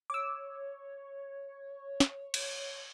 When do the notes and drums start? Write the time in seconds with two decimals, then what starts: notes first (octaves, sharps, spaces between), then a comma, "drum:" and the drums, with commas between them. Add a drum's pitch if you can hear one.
0.10 C#5 D6 E6
2.00 drum: snare
2.34 drum: cymbal